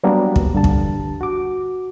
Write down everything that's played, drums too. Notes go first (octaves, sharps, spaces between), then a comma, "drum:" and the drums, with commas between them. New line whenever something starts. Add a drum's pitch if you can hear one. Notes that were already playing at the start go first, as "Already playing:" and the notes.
F#3 G3 A#3 B3 D4 A#4
drum: kick
G2 D3 A5
drum: kick
F#4 D6